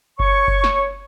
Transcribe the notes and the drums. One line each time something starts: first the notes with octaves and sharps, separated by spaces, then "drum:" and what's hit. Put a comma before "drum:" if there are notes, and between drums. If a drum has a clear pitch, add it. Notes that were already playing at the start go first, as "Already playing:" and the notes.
C#5 C#6, drum: kick F#1
drum: kick F#1
drum: snare